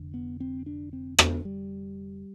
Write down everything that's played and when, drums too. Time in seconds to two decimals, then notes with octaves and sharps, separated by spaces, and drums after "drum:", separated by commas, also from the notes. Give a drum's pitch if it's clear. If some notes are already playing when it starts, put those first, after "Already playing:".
Already playing: F1 F2 D3
0.14 B3
0.40 C4
0.66 D4
0.93 C4
1.19 B3, drum: rim click
1.45 G3